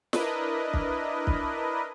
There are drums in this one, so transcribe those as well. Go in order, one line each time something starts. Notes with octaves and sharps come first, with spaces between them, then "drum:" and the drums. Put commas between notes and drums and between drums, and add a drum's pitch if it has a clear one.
D4 E4 A#4 B4 D#5, drum: snare
drum: kick
drum: kick